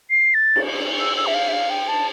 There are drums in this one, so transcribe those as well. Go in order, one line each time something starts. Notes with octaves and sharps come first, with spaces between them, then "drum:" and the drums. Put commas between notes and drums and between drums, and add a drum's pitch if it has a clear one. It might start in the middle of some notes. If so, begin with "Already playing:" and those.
C7
A6
drum: cymbal
E6
E6
E5
F5
E5
F5
G5
A5